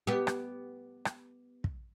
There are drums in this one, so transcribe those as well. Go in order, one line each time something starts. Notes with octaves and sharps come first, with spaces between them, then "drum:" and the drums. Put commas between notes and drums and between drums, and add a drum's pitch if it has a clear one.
B3 G4
drum: rim click
drum: rim click
drum: kick